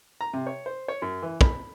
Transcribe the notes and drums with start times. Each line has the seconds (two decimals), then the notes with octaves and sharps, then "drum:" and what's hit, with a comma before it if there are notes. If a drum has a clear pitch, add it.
0.21 A#5
0.33 C3
0.47 C#5
0.66 C5
0.88 C#5
1.02 F#2
1.22 E3
1.41 B5, drum: kick